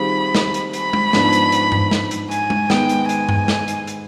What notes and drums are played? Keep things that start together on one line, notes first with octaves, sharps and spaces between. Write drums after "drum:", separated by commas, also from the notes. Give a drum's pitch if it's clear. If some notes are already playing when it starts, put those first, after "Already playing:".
Already playing: D#3 G3 C4 F4 G#4 B5
drum: snare
drum: hi-hat
B5, drum: hi-hat
drum: tom G#3
G#2 F3 B3 D4, drum: snare
drum: hi-hat
drum: hi-hat
drum: tom G2
drum: snare
drum: hi-hat
G#5, drum: hi-hat
drum: tom G#3
D#3 G#3 B3 G5, drum: snare
drum: hi-hat
G#5, drum: hi-hat
drum: tom G2
drum: snare
drum: hi-hat
drum: hi-hat